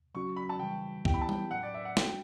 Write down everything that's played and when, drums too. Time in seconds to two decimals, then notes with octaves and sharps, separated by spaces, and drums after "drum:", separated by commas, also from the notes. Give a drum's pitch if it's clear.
0.15 C#3 F#3 C#4 F#4 C#6
0.36 B5
0.49 A5
0.59 C#3 E3 G3 G5
1.05 E3 B3 E4 G4 G5, drum: kick
1.14 B5
1.21 A5
1.29 G5, drum: tom G3
1.51 A2 F#3 C#4 F#5
1.63 D5
1.74 E5
1.85 F#5
1.97 G3 D4 F#4 G5, drum: snare